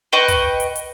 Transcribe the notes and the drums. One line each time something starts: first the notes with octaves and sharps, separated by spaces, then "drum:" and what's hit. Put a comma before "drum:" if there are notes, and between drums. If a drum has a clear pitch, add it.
B4 D#5 G5 C#6
drum: kick, hi-hat
drum: hi-hat
drum: hi-hat